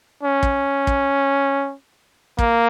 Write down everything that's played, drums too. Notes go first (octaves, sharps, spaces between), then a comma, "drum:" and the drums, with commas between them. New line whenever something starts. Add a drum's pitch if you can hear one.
C#4
drum: kick
drum: kick
A#3, drum: kick